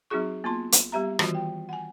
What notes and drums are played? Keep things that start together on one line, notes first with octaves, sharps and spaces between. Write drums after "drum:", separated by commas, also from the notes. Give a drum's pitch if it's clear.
F#3 C4 D#4 F#4 G#4 C#6
A#3 B3 F4 A5 C6
drum: hi-hat
G3 B3 G4 E5 A#5
D#3 E3 G3 F4 F#4 D#5, drum: rim click
G5
F#5 G#5